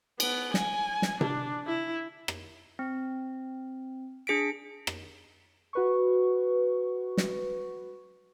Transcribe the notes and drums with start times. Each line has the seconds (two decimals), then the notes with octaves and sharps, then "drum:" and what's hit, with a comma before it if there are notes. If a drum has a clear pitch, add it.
0.20 B3, drum: cymbal
0.54 G#5, drum: snare
1.02 drum: snare
1.21 D4, drum: tom C3
1.66 E4
2.28 drum: rim click
2.79 C4
4.27 D4 G#4 B6 D7
4.87 drum: rim click
5.73 F#4 B4 C#6
7.17 drum: snare